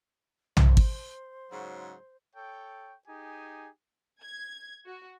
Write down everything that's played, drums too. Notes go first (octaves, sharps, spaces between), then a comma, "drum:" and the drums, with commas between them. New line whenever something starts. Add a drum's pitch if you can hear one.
C5, drum: tom B1
drum: kick G#1
G#2 C#3 F#3
A4 C#5 G5
D#4 G4 G#4 G#5
G#6
F#4